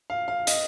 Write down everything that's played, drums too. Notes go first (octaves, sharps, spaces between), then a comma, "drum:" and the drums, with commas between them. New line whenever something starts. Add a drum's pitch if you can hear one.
F5
F5
D#5, drum: hi-hat